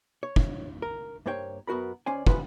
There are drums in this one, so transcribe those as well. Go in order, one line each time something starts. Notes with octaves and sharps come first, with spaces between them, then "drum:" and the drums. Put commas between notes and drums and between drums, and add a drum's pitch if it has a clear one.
C#5
drum: kick
A#4
G2 A#3 C5 C#5 G5
F#2 B3 F#4 A#4 B5
C#2 C#4 C5 D5 G#5
C2 G2 E3 F3 B4 C6, drum: kick